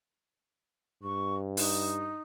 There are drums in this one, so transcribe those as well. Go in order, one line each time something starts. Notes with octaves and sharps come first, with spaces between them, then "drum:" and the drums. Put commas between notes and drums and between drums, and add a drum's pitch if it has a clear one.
G2 C#6
D#4, drum: open hi-hat